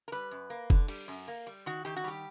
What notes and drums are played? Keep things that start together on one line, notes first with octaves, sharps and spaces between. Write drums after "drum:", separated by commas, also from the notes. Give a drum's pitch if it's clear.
A#4
G3 B4
F#2
A#3
D3, drum: kick F1
G3, drum: cymbal
F#2
A#3
G3
D#3 F#4
D#3 G4
F#4
G3 G4